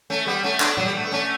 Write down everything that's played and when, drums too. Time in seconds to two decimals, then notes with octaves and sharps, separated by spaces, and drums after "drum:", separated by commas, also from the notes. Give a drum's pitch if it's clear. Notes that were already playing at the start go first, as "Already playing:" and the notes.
0.10 A3 C#4
0.26 G3 B3
0.43 A3 C#4
0.60 B3 D4, drum: clap
0.77 F#3, drum: tom A2
0.85 G3
0.95 A3
1.03 B3
1.11 A3 C#4